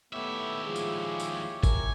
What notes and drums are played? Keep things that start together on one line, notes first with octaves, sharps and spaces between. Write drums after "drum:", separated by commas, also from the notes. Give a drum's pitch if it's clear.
D#2 A3 B3 E4 G4 C#5 E5
F3 G#3 G#4
drum: tambourine
drum: tambourine
A#4 G#5, drum: kick G1, tambourine